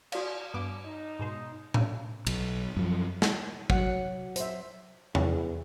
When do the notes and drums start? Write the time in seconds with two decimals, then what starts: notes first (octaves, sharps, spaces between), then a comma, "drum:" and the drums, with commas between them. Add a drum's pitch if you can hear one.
0.12 F#4 D5 F5, drum: cymbal
0.54 G2 B3 D6
0.86 D#4
1.19 G#2 B2 C5
1.74 drum: tom A2
2.27 B1, drum: cymbal
2.77 F#2 F3
3.22 drum: snare
3.70 F#3 F#5, drum: kick
4.36 C5 E5, drum: hi-hat
5.15 E2, drum: tom